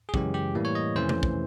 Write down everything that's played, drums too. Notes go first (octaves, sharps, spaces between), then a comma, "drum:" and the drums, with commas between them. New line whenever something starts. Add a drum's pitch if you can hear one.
G#4
F#2 C#3 E3 G#3 C#4 G4, drum: kick
G4
A2 E3 G3 A#3
C#5
D#5
F2 C3 E3 A3 C#4 C5
drum: tom C3
drum: kick